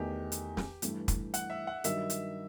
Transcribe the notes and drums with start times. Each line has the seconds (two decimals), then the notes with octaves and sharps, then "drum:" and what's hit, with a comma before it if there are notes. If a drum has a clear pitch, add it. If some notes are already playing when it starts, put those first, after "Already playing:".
Already playing: E2 D#3 A3 G4
0.32 drum: hi-hat
0.57 drum: snare
0.82 G2 E3 A3, drum: hi-hat
1.08 drum: kick, hi-hat
1.34 F#5, drum: hi-hat
1.50 E5
1.67 F#5
1.84 G2 D#3 F#3 E5, drum: hi-hat
2.10 drum: hi-hat